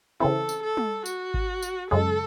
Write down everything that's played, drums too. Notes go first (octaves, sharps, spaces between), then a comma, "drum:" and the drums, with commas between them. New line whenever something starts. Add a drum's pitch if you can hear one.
C#3 E3 C4 E4 A4
drum: tambourine
A4
drum: tom
F#4, drum: tambourine
drum: kick G#1
drum: tambourine
F#2 C#3 G#3 A4